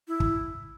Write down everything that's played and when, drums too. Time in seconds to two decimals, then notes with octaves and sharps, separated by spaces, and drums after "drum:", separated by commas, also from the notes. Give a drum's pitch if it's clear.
0.08 E4
0.20 drum: kick